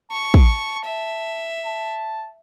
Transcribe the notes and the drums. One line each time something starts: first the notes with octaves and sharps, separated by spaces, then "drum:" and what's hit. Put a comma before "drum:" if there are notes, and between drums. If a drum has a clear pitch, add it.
A5 C#6
drum: kick
E5
A5